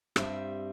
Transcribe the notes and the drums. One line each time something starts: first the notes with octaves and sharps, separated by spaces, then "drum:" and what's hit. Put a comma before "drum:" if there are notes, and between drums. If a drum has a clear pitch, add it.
G2 G3 C4 E5, drum: rim click